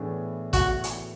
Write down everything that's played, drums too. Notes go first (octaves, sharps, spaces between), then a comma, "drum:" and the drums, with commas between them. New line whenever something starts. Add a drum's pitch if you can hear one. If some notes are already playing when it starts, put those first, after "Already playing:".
Already playing: A2 E3 B3 D4 G#4
F#4, drum: kick, hi-hat
drum: hi-hat